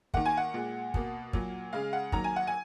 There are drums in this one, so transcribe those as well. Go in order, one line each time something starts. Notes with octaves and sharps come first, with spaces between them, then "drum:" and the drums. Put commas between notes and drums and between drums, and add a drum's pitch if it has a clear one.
D#3 A#3 F#5, drum: kick
G#5
F#5
A#2 G#3
B2 A#3, drum: kick
A#2 F#3 A#3, drum: kick
C#3 G#3 F5
F#5
D#3 F#3 A#3 A#5, drum: kick
G#5
F#5
G#5